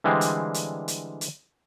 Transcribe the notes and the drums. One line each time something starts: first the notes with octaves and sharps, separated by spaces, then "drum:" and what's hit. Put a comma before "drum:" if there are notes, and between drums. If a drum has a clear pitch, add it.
D3 E3 G3 G#3 C4
drum: hi-hat
drum: hi-hat
drum: hi-hat
drum: hi-hat